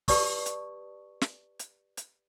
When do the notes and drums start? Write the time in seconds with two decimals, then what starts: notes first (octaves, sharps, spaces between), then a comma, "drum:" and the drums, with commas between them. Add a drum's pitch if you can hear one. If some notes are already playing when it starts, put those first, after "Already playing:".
0.08 G4 B4 D5 A5 C#6 D#6, drum: kick, open hi-hat
0.46 drum: hi-hat
1.21 drum: snare
1.59 drum: hi-hat
1.97 drum: hi-hat